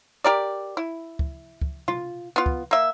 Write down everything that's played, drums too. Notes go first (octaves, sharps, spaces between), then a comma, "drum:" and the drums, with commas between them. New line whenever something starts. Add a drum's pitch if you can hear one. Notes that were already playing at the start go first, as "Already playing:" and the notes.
G4 A#4 D5
E4
drum: kick
drum: kick
F4, drum: tom B2
B3 F4
drum: kick
A#3 E5